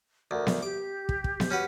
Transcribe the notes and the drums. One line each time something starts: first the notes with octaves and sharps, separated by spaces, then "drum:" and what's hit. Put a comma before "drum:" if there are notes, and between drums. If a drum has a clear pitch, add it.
D2 A#4
drum: snare B3
G4 D6
drum: kick
drum: kick
drum: snare B3
C#4 F#4 B4